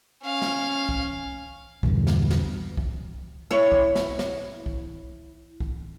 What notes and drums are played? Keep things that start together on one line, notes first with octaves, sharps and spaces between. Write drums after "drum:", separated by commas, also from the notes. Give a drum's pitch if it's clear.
C#4 F5
drum: snare
drum: kick
A#1 E2 G2 D3, drum: kick
drum: snare
drum: snare
drum: kick
E4 C#5
drum: kick
drum: snare
drum: snare
drum: kick
drum: kick